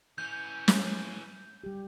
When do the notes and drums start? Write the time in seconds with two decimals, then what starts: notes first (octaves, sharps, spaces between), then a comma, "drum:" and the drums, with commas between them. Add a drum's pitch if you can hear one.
0.18 E3 C#4 G6
0.68 drum: snare
1.64 G3 G4